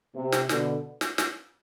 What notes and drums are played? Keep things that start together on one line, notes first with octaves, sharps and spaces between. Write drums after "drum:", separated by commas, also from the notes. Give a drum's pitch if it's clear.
C3
drum: snare
B2 D3, drum: snare
drum: snare
drum: snare